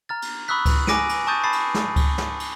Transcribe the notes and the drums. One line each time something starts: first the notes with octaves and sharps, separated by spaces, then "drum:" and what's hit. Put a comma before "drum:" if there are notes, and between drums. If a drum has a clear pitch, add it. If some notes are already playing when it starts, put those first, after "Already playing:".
A#5 F6 A6
drum: cymbal
B5 C#6 D#6 E6 F#6 B6
drum: kick C#2, cymbal
G#5 D6 A#6 D7 D#7, drum: snare
drum: cymbal
A5 C#6 D#6 G6 A6 D#7
A5 B5 D#6 A6 C7
drum: cymbal
drum: snare
drum: kick C#2, cymbal
drum: snare
drum: cymbal